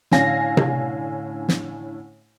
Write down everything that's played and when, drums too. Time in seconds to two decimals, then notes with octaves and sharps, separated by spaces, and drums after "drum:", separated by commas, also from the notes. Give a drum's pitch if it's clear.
0.11 A2 D3 C#4 F5 G#5 A#6, drum: snare
0.57 drum: tom C3
1.49 drum: snare